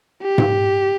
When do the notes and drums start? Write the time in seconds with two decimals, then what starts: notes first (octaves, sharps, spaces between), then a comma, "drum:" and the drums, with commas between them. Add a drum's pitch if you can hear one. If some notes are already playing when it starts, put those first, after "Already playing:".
0.23 G4
0.38 drum: tom G#2